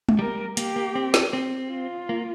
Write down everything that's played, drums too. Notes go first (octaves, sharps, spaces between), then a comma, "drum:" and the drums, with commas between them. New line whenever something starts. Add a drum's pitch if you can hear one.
drum: tom G#3
G3 A#4
A#3 G4, drum: hi-hat
A#3
C4
drum: snare
C4
F4
A#3